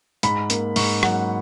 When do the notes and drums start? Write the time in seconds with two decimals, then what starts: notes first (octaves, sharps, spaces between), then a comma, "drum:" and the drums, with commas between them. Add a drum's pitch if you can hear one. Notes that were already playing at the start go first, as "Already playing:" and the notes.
0.23 G#2 B5, drum: hi-hat
0.50 A#3, drum: hi-hat
0.76 G#2 C#6, drum: open hi-hat
1.03 F#3 F#5, drum: rim click